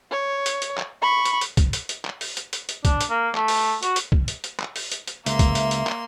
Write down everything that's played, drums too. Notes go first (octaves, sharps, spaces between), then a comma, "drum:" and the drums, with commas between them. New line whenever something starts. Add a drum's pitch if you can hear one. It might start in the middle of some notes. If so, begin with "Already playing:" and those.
C#5
drum: hi-hat
drum: hi-hat
drum: clap
B5 C#6
drum: hi-hat
drum: hi-hat
drum: kick, hi-hat
drum: hi-hat
drum: hi-hat
drum: clap
drum: open hi-hat
drum: hi-hat
drum: hi-hat
drum: hi-hat
D4, drum: kick, hi-hat
drum: hi-hat
A#3
A3, drum: clap
drum: open hi-hat
F#4, drum: hi-hat
drum: hi-hat
drum: kick
drum: hi-hat
drum: hi-hat
drum: clap
drum: open hi-hat
drum: hi-hat
drum: hi-hat
C#2 A#3 E5 C6, drum: hi-hat
drum: kick, hi-hat
drum: hi-hat
drum: hi-hat
drum: clap